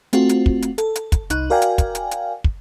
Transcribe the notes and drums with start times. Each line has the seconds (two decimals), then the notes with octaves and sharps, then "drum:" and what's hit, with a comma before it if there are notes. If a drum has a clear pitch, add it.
0.13 A3 C4 F4 F#4, drum: hi-hat
0.29 drum: hi-hat
0.46 drum: kick
0.62 drum: hi-hat
0.78 A4, drum: hi-hat
0.95 drum: hi-hat
1.12 drum: kick, hi-hat
1.30 C2 D#4 F#6, drum: hi-hat
1.50 F#4 A#4 D5 F5 G5 G#5
1.62 drum: hi-hat
1.78 drum: kick, hi-hat
1.95 drum: hi-hat
2.11 drum: hi-hat
2.44 drum: kick